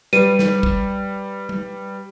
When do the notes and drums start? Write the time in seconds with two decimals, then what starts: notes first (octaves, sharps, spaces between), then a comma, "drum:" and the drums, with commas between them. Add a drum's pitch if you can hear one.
0.13 G3 B4 D#7, drum: hi-hat
0.39 drum: snare
0.63 drum: kick
1.49 drum: tom G3